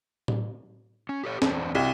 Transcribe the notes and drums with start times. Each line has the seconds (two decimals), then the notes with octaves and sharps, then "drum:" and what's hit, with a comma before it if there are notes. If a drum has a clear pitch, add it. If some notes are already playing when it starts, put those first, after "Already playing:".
0.28 drum: tom A2
1.09 C#4
1.24 G4 A4 C#5
1.42 E2 C4 D4, drum: snare
1.75 C2 E4 F#4